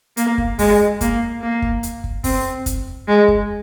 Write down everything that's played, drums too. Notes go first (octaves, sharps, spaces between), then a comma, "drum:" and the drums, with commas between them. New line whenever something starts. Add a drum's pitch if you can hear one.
A#3, drum: hi-hat
drum: kick
G#3, drum: kick, open hi-hat
A#3, drum: kick, hi-hat
A#3
drum: kick
drum: hi-hat
drum: kick
C4, drum: kick, open hi-hat
drum: kick, hi-hat
G#3
drum: kick